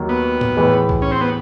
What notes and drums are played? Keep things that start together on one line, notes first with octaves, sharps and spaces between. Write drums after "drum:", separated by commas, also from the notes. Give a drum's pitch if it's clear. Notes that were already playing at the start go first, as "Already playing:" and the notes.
Already playing: D#2 D#3 F#3 A#3
B3
drum: tom A2
A2 E3 G#3
drum: kick C2
C#4
C4
B3